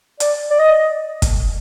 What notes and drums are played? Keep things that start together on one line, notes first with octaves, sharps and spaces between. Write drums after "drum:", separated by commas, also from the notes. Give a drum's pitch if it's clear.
D5, drum: hi-hat
D5
D#5
drum: kick, hi-hat